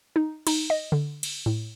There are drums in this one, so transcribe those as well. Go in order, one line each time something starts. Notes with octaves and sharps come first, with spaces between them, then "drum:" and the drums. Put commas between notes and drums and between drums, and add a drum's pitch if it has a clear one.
D#4
D#4, drum: cymbal
D#5
D3
drum: cymbal
A2